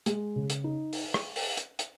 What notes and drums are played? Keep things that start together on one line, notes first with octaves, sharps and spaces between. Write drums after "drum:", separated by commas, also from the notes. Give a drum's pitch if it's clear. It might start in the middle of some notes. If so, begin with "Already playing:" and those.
G#3, drum: hi-hat
C#3
drum: hi-hat
D#4
drum: open hi-hat
drum: rim click
drum: open hi-hat
drum: hi-hat
drum: hi-hat